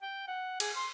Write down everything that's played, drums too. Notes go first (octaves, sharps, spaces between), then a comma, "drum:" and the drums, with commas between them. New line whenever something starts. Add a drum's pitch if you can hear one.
G5
F#5
G#4, drum: cymbal
C6